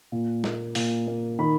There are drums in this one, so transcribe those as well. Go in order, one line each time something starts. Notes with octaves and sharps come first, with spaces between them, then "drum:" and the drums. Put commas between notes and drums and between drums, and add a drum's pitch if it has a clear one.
A#2
A#3, drum: snare
A#2, drum: open hi-hat
A#3
D#3 B5